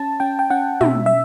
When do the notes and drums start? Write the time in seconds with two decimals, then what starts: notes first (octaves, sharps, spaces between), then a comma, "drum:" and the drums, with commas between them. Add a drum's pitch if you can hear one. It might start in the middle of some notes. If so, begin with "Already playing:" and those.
Already playing: C#4 A5
0.20 C#4 G5
0.39 G5
0.50 C#4 F#5
0.81 B2 E5, drum: tom
1.06 E5